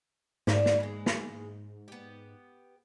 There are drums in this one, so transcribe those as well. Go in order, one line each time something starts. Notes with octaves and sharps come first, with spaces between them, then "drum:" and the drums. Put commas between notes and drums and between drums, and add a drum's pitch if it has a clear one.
G#2 D4, drum: snare
drum: snare
E3 G#3
drum: snare
B3 G4